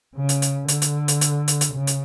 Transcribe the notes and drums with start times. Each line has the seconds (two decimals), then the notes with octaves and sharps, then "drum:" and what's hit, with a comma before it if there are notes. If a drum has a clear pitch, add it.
0.16 C#3
0.29 drum: hi-hat
0.42 drum: hi-hat
0.68 D3, drum: hi-hat
0.82 drum: hi-hat
1.08 drum: hi-hat
1.21 drum: hi-hat
1.48 drum: hi-hat
1.61 drum: hi-hat
1.74 C#3
1.87 drum: hi-hat